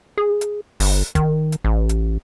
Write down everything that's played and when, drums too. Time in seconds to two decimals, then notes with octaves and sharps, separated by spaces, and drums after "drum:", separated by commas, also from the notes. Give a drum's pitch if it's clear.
0.18 G#4
0.41 drum: hi-hat
0.80 G1, drum: open hi-hat
1.15 D#3, drum: kick, hi-hat
1.52 drum: hi-hat
1.64 A1
1.89 drum: hi-hat